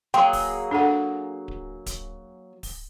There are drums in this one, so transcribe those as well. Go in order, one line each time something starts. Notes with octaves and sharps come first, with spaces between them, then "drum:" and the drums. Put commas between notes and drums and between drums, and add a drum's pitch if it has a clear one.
F#3 A#3 G#4 G5 C6
drum: kick D1, open hi-hat
D4 A4 F#5
drum: kick D1
drum: kick D1, hi-hat
drum: kick D1, open hi-hat